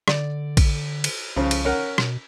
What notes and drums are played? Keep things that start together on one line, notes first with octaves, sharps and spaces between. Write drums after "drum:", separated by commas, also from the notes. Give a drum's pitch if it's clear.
D3 D5, drum: rim click
drum: kick A1, cymbal
drum: cymbal
C2 C#3 F3
drum: cymbal
C#4 A#4 F#5
B2, drum: rim click